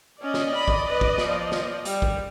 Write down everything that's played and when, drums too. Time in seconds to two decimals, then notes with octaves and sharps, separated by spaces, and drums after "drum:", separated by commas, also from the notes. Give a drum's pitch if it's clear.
0.22 C#4 D5 D#5
0.34 drum: snare
0.55 B5
0.68 drum: kick
0.90 B4
1.01 drum: kick
1.18 drum: snare
1.27 F3
1.52 drum: snare
1.85 G3, drum: hi-hat
2.02 drum: kick